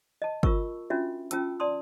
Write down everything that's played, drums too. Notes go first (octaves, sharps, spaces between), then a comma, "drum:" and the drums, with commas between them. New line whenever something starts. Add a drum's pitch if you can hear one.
D#5 A5
F4 A#4 C#6 E6, drum: kick G1
C#4 D4 F4 F#4 E5
C#4 F4 G5 A5 E6, drum: hi-hat
D5 A5 C6 D#6